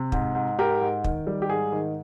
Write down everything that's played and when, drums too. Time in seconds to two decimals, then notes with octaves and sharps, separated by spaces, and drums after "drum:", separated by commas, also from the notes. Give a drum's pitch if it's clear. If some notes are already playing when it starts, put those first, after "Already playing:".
Already playing: C3
0.12 G#2, drum: kick
0.35 G#2
0.59 G#2 G4 A#4
0.81 G#2
1.04 D#3, drum: kick
1.27 G3
1.42 G4
1.49 G#2 G#4
1.72 D#3